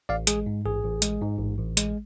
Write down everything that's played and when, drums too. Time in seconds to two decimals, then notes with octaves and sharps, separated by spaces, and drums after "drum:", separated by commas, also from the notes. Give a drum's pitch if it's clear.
0.09 A1 D5 F5
0.27 G#3 G#4, drum: hi-hat
0.46 G#2
0.65 A1 G#4
0.83 A1
1.02 G#3, drum: hi-hat
1.21 G#2
1.39 A1
1.59 A1
1.77 G#3, drum: hi-hat